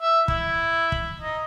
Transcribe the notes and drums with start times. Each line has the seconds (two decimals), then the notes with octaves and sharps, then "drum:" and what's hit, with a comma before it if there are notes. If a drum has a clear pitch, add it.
0.01 E5
0.28 E4, drum: kick
0.92 drum: kick
1.20 D#4